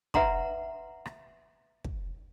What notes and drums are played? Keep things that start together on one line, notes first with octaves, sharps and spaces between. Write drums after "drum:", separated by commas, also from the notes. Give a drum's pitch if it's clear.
B4 E5 F#5 A#5 C6, drum: kick
drum: rim click
drum: kick